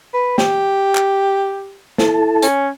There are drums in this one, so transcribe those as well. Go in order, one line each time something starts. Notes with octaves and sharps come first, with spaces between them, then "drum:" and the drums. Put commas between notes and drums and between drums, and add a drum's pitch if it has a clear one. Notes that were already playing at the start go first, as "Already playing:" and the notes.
B4
G4, drum: snare
drum: clap
E4 A4 A5, drum: snare
C#4, drum: hi-hat